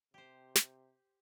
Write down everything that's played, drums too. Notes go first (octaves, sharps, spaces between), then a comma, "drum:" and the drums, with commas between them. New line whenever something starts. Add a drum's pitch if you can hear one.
C3 G4 C5
drum: snare